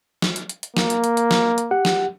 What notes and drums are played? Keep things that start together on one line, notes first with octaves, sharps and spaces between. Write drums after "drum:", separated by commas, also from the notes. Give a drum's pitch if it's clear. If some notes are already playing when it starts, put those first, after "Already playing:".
drum: snare
drum: hi-hat
drum: hi-hat
drum: hi-hat
A#3, drum: snare
drum: hi-hat
drum: hi-hat
drum: hi-hat
drum: snare
drum: hi-hat
G4 F#5
drum: snare